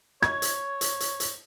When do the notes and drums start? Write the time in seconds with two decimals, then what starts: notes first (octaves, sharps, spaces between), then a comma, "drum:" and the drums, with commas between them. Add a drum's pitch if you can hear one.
0.22 C#5 G#6, drum: rim click
0.42 drum: hi-hat
0.81 drum: hi-hat
1.00 drum: hi-hat
1.20 drum: hi-hat